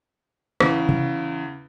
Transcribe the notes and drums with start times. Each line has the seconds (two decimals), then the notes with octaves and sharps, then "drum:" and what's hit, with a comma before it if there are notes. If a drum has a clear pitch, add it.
0.60 E2 C#3, drum: rim click
0.89 drum: tom